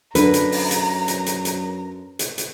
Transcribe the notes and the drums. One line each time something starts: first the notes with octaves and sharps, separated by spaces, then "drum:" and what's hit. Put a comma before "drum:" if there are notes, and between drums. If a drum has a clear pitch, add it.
F#2 D3 B4 A#5, drum: hi-hat
drum: hi-hat
drum: open hi-hat
drum: hi-hat
drum: hi-hat
drum: hi-hat
drum: hi-hat
drum: hi-hat
drum: hi-hat